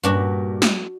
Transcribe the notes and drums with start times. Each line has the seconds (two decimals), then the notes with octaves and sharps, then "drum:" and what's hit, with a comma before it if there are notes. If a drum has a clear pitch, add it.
0.03 G2 A#2 G3 D4 F#4
0.62 drum: snare